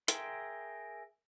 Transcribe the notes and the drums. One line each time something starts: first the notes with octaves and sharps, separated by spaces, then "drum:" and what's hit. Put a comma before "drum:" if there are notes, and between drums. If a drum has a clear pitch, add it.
G#4 A#4 E5 G5 C6, drum: hi-hat